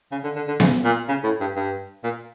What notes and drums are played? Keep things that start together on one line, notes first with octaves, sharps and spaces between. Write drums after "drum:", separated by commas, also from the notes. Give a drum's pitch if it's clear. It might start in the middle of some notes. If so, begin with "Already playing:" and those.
C#3
D3
D3
D3
C#3, drum: snare B3
A#2
C#3
A2
G2
G2
A#2